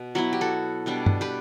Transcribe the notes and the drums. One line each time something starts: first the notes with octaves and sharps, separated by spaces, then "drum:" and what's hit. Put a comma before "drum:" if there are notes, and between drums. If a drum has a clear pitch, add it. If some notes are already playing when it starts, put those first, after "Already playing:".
Already playing: B2
F#3 B3 E4 F#4
G4
F#4 A4
B2 G3 D4
drum: tom
G4 B4